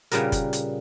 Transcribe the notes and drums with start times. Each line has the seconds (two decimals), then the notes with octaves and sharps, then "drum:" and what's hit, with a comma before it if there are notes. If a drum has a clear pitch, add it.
0.12 A#2 C#3 G3 B3 A#4, drum: hi-hat
0.32 drum: kick F#1, hi-hat
0.53 drum: hi-hat